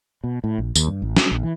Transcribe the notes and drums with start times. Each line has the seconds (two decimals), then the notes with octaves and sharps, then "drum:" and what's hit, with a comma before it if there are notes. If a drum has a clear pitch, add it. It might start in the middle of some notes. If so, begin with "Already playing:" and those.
0.24 B2
0.44 A2
0.58 A#1
0.76 D#2, drum: tambourine
0.87 G2
1.02 A1
1.17 C#4, drum: snare
1.31 A#1
1.43 E3